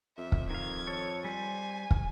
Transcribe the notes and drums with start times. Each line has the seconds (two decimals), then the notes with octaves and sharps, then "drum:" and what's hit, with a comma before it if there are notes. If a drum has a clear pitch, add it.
0.18 F2 E5
0.32 drum: kick
0.51 D#3 F5 G#6
0.87 A4 C#5
1.25 G3 C5 G#5
1.91 drum: kick